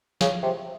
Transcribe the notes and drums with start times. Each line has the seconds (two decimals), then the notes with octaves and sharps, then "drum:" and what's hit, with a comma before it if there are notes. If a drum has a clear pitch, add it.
0.21 C#3, drum: snare
0.42 C3